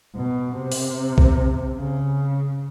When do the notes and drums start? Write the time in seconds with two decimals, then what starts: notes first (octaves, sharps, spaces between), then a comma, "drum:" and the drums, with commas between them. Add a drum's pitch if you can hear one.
0.16 B2
0.56 C3
0.72 drum: open hi-hat
1.18 drum: kick
1.77 C#3